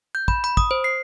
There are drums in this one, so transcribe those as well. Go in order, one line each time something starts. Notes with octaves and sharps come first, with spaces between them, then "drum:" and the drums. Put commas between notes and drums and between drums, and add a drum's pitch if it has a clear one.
G6
B5, drum: kick
B5
D#6, drum: kick
C5
C7